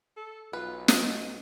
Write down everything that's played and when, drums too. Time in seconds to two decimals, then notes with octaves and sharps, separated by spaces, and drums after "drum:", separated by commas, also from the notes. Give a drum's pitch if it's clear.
0.17 A4
0.53 B1 F4 B4
0.88 D#4, drum: snare